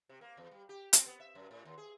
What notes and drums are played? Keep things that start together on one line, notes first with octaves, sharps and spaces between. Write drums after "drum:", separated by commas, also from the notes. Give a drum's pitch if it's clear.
C3
A#3
E2
G3
G4
C4, drum: hi-hat
B3
E5
F#2
A2
D#2
G#4